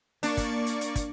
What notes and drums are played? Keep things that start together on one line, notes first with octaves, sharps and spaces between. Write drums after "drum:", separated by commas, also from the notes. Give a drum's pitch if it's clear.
A#3 D4 D5 C#6, drum: hi-hat
drum: kick, hi-hat
drum: hi-hat
drum: hi-hat
drum: kick, hi-hat